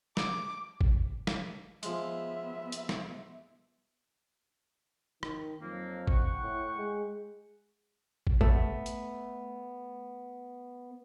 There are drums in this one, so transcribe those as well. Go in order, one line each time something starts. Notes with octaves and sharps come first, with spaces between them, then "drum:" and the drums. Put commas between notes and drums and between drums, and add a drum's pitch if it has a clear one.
D6, drum: snare
drum: kick
drum: snare
F3 G#3 B3 E5, drum: hi-hat
drum: hi-hat
drum: snare
D#3, drum: rim click
F2 F#3 A#3
F#5 G5 C#6, drum: kick
A2
G#3
drum: kick
A3 B3, drum: kick
drum: hi-hat